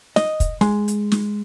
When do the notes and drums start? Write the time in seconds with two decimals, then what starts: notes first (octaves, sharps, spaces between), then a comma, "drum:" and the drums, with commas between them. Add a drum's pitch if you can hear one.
0.16 D#5, drum: snare
0.40 drum: kick, hi-hat
0.61 G#3, drum: snare
0.88 drum: hi-hat
1.12 drum: snare